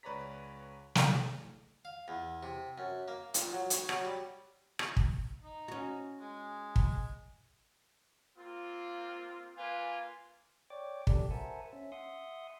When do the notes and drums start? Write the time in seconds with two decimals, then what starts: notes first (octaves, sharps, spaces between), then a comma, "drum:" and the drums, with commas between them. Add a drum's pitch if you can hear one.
0.03 C#2 B4 C#5 D5 A#5 B6
0.95 drum: snare
1.85 F5
2.08 E2
2.43 C3
2.78 F#2
3.08 A#3
3.34 A#2, drum: hi-hat
3.53 F#3
3.70 C#5, drum: hi-hat
3.89 F#3, drum: rim click
4.05 G3
4.79 drum: rim click
4.97 drum: kick
5.43 D#4
5.68 C#4 F#4
6.20 G#3
6.76 drum: kick
8.38 A#3 C4 F4
9.57 A#3 F4 B4 G#5
10.70 C#5 D5 G5 D6
11.07 C#3 G3 G4 A4 D5, drum: kick
11.31 A#4 C5 E5 F#5 G#5 A5
11.73 C#4 E5
11.92 E5 F#5 C6 D#6